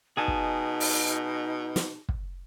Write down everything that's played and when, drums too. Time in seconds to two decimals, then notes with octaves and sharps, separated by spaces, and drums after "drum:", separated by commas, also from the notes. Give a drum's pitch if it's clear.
0.17 B2 D#4 G#4 G#5 A5
0.28 drum: kick
0.80 drum: open hi-hat
1.76 drum: snare
2.09 drum: kick